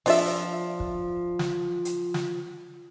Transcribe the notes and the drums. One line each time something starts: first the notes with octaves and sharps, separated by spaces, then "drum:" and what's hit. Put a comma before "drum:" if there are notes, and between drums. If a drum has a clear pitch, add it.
F3 D4 F4 E5, drum: open hi-hat
drum: kick
drum: snare
drum: hi-hat
drum: snare